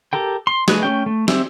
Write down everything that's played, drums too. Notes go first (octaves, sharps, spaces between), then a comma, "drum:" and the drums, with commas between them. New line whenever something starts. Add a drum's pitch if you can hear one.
G4 A4 A#4 G5
C6
A3 G#4 B4 D#5, drum: snare
A3 C#4 G5
A3
C4 G4 E5, drum: snare